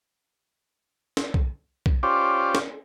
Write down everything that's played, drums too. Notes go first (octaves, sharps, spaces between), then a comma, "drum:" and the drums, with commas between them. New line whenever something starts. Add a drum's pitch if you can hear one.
drum: snare
drum: kick B1
drum: kick B1
C#4 F4 G4 C5 D5
drum: snare